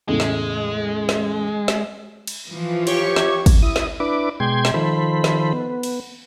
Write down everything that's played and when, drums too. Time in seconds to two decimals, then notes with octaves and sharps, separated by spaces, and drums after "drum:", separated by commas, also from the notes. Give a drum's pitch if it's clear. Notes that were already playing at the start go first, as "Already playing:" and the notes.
0.08 E2 A2 C#3 G#3
0.20 drum: snare
1.09 drum: snare
1.68 drum: snare
2.27 drum: cymbal
2.49 E3 F3 F4
2.87 G4 C#5 C#6, drum: cymbal
3.16 drum: snare
3.46 drum: kick, cymbal
3.62 E4 D#6
3.76 drum: snare
4.00 D4 E4 B4 D6
4.40 B2 G#3 G5 C6 G#6
4.65 drum: snare
4.74 D#3 F3 A4 C5 B5
5.24 drum: snare
5.53 B3
5.83 drum: cymbal